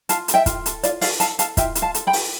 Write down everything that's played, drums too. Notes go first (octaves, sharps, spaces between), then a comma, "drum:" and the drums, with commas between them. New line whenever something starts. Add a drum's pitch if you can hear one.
F4 F5 A5, drum: hi-hat
A4, drum: hi-hat
E5 G5
F4, drum: kick, hi-hat
A4, drum: hi-hat
F4 D5 F5, drum: hi-hat
A4 D5 F5, drum: open hi-hat
A4 F5 A5, drum: hi-hat
A4 F5 A5, drum: hi-hat
F4 E5 G5, drum: kick, hi-hat
F4, drum: hi-hat
F5 A5
A4, drum: hi-hat
G5 B5
A4, drum: open hi-hat